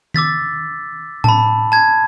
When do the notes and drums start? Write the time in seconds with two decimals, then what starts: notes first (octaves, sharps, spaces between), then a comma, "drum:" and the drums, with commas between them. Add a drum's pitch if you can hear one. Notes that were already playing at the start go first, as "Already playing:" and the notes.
0.14 D6 E6 A6 B6, drum: tom D#3
1.24 A5 B5, drum: tom A2
1.72 A5 G#6